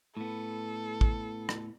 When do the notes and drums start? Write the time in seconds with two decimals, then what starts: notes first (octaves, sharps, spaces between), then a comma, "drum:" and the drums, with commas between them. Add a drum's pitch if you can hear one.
0.17 A2 B3 A4
1.01 drum: kick
1.49 drum: rim click